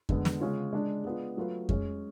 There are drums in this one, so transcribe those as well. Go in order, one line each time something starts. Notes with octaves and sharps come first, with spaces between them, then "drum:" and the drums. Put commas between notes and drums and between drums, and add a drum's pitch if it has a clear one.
D3 G#3 B3, drum: kick F2
drum: snare
C#3 G#3 C#4 F4
G#3 D4 G#4
G#3 B3 D4 F4
F#3 A3 F4 B4
G#3 C#4 G#4, drum: kick F2